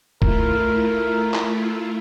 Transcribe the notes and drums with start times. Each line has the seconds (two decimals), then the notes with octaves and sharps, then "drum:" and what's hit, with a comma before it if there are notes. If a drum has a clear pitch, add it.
0.22 A3 E4 F4 A#4, drum: kick
1.34 drum: clap